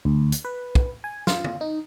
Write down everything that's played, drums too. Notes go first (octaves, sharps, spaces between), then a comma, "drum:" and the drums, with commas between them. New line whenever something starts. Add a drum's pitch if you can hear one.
D2
drum: hi-hat
B4
drum: kick
G#5
F4, drum: snare
drum: tom
D#4